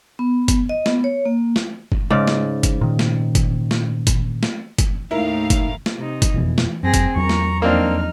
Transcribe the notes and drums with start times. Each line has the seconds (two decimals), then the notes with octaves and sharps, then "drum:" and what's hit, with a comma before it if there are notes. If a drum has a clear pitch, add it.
0.19 B3
0.48 drum: kick, hi-hat
0.69 D#5
0.86 B3, drum: snare
1.04 C#5
1.25 A#3
1.56 drum: snare
1.92 drum: kick
2.10 G#2 C#3 D5
2.28 drum: snare
2.63 drum: kick, hi-hat
2.81 A#2 D#3
2.99 drum: snare
3.35 drum: kick, hi-hat
3.71 drum: snare
4.07 drum: kick, hi-hat
4.43 drum: snare
4.78 drum: kick, hi-hat
5.11 D#2 A2 D#4 E4 A#4 F5
5.50 drum: kick, hi-hat
5.86 drum: snare
5.96 C3 D#4
6.22 drum: kick, hi-hat
6.34 E1 F2 B2 E3
6.58 drum: snare
6.83 F#2 C4 G#4 A#6
6.94 drum: kick, hi-hat
7.16 E2 F#3 A#4 A#5 C#6
7.29 drum: snare
7.62 F2 A#3 C4 D4 D#4 F6